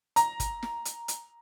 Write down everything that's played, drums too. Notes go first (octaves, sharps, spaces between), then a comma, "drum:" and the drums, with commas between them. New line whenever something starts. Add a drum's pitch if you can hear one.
A#5, drum: hi-hat
drum: kick, hi-hat
drum: snare
drum: hi-hat
drum: hi-hat